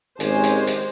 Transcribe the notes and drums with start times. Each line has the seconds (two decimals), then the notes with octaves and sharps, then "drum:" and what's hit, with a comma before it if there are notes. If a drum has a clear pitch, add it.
0.20 G#1 G#3 C#4 G4 C5 G#5, drum: hi-hat
0.44 drum: hi-hat
0.67 drum: hi-hat